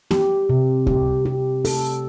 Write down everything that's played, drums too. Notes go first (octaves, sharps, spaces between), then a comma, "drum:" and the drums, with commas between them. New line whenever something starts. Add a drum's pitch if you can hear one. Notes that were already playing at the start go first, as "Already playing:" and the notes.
G4, drum: snare B3
C3
G4, drum: kick C#2
G4
A4, drum: open hi-hat